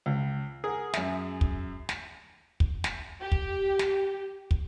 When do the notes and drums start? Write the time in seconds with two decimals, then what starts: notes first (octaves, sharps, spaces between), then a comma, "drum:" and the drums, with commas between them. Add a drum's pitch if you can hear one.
0.06 C#2
0.64 G#4 A#4 F#5
0.93 F#2 E5, drum: snare
1.41 drum: kick
1.89 drum: snare
2.60 drum: kick
2.84 drum: snare
3.21 G4
3.32 drum: kick
3.79 drum: snare
4.51 drum: kick